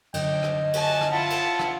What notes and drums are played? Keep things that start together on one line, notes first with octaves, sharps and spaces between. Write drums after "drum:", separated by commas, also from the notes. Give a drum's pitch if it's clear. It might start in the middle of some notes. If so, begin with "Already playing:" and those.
F#2 D3 D#5 G5, drum: cymbal
drum: rim click
F#4 G#5 A5, drum: cymbal
drum: rim click
E4 F4 F#5 A5
drum: cymbal
drum: rim click